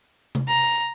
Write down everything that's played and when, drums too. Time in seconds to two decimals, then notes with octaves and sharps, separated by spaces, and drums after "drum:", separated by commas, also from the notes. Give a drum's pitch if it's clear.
0.35 drum: tom C3
0.48 A#5